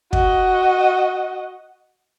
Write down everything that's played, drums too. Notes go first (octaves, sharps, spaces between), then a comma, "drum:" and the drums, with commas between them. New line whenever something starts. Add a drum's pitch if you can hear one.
F#4 D#5, drum: kick